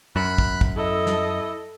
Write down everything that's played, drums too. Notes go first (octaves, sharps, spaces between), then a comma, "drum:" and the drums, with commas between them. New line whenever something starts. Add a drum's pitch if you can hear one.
F#2 B5 F#6
drum: kick
drum: kick
E4 A4 D#5
drum: snare